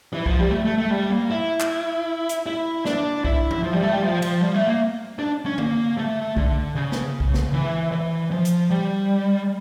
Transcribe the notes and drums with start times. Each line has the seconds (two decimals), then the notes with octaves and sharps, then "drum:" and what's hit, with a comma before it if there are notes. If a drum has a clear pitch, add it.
0.13 E3
0.26 F3, drum: kick C2
0.39 G3
0.51 A3
0.65 A3
0.78 A3
0.91 G3
1.10 A#3
1.30 E4
1.60 drum: clap
2.29 drum: hi-hat
2.46 E4
2.85 D4, drum: snare
3.25 E4, drum: kick C2
3.51 drum: tom E3
3.63 F3
3.73 G3
3.83 A3
3.92 G3
4.03 F3
4.22 F3, drum: cymbal
4.41 G3
4.54 A3
4.67 A#3
5.19 D4
5.45 C#4
5.58 A#3, drum: tom D3
5.97 A3
6.37 D3, drum: kick C2
6.75 C#3
6.92 drum: snare
7.20 drum: kick C2
7.34 drum: snare
7.53 E3
7.92 E3
8.31 F3
8.45 drum: hi-hat
8.70 G3